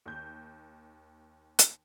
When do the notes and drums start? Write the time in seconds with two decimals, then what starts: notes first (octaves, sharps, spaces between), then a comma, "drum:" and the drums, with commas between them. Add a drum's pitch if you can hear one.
0.06 D#2 G6
1.59 drum: hi-hat